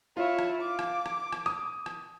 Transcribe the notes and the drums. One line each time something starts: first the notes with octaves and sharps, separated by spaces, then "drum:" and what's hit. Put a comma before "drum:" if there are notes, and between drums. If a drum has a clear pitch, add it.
E4 F4 C#5
drum: rim click
D6
drum: rim click
drum: rim click
drum: rim click
D#6, drum: rim click
drum: rim click